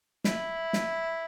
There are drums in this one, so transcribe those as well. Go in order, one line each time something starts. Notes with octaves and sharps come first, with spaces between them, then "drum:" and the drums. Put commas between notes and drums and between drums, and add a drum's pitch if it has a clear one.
E4, drum: snare
drum: snare